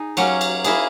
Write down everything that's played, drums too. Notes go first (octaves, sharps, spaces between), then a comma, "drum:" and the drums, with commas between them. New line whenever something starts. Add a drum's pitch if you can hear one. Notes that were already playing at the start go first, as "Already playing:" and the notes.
Already playing: D#4 G#4
F#3 A#3 C#4, drum: cymbal
drum: cymbal
A#3 E4 G#4, drum: cymbal